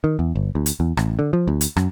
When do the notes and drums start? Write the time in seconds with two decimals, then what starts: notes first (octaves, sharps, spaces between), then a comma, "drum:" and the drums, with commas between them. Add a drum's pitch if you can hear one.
0.04 D#3
0.19 E2
0.35 G1
0.55 D2
0.66 drum: hi-hat
0.80 E2
0.97 A1, drum: rim click
1.19 D3
1.33 F3
1.48 D2
1.61 drum: hi-hat
1.77 F#2, drum: rim click